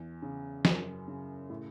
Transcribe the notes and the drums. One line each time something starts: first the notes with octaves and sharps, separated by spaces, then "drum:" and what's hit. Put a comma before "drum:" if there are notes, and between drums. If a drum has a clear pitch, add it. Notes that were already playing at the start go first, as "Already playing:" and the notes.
Already playing: E2
C#3
F#2, drum: snare
C#3
A2